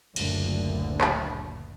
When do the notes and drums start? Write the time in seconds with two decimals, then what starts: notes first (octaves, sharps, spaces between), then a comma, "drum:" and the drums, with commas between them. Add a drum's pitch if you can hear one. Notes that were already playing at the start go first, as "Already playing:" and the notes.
0.16 F#1 D2 A#2 D3, drum: cymbal
1.01 drum: clap